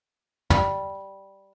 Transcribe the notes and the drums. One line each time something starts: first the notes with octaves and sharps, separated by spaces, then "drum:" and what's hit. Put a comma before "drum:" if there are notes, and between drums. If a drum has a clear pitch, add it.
G3, drum: tom